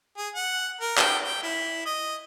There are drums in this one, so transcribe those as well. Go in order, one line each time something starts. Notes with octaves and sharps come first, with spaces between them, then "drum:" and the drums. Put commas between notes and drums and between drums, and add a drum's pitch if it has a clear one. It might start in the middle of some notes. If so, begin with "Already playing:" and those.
G#4
F#5
A#4
G5, drum: clap
G5
E4
D#5